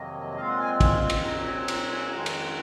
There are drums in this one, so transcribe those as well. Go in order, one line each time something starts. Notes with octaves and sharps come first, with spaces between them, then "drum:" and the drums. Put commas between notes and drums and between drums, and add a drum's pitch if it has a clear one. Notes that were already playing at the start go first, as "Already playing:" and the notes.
Already playing: F2 C3 D#3 F#3 A#3 D#5
A#2 G#3 C4 F4 F5
F#5
G#5
drum: kick, cymbal
drum: cymbal
A#2 F#3 C4 A#5
G#5
A#5, drum: cymbal
G#5
F2 D#3 G#3 C#4 F4 A#5
drum: cymbal